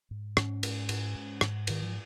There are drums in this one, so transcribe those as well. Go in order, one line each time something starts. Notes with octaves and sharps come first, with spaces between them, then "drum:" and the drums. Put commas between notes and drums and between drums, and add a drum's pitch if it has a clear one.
G#2
G#2 C#4, drum: rim click
G#2, drum: cymbal
G#2, drum: cymbal
G#2
G#2, drum: rim click
G#2 D#3, drum: cymbal
F3